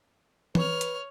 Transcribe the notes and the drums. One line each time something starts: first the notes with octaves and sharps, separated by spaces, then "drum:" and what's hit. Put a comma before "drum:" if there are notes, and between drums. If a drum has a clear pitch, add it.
B4 C#5 F6, drum: tom E3
drum: hi-hat